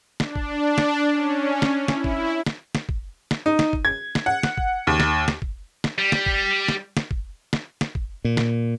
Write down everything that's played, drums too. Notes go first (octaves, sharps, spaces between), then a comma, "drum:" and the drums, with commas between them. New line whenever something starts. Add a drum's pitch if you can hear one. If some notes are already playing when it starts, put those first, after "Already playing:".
D4, drum: snare
drum: kick
drum: snare
C#4
drum: snare
E4, drum: snare
drum: kick
drum: snare
drum: snare
drum: kick
drum: snare
D#4
drum: snare
drum: kick
G#6
drum: snare
F#5
drum: snare
drum: kick
D#2
drum: snare
drum: snare
drum: kick
drum: snare
G3
drum: snare
drum: kick
drum: snare
drum: snare
drum: kick
drum: snare
drum: snare
drum: kick
A#2
drum: snare